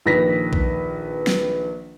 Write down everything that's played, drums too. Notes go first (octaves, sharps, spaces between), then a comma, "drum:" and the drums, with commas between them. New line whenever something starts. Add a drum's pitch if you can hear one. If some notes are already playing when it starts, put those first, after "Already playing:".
A#1 D#3 B4 A#6 B6
drum: kick B1
drum: snare